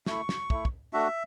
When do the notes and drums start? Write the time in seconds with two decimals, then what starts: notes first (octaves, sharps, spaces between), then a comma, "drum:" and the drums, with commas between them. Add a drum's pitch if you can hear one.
0.06 A3 E4 C#6, drum: snare
0.29 drum: snare
0.50 A3 E4, drum: kick
0.65 drum: kick
0.93 A3 D4 F#4 E5